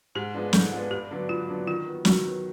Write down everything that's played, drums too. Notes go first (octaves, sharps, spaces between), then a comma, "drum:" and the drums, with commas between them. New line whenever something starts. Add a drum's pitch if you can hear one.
G#2 G4
F3 G#3 B3 D4
G#2 A4, drum: snare
F3 G#3 B3 D4
G2 G4
D3 F#3 B3 D4
G2 F4
D3 F#3 B3 D4
D#3 F4
F#3 B3
D#3 F#4, drum: snare
F#3 B3